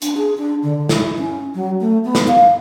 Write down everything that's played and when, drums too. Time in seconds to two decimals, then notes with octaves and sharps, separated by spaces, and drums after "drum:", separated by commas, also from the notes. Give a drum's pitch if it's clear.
0.02 D4, drum: hi-hat
0.17 G#4
0.37 D4
0.63 D3
0.89 E4, drum: snare
1.18 C#4
1.55 F#3
1.81 A3
2.05 B3
2.15 drum: snare
2.28 F5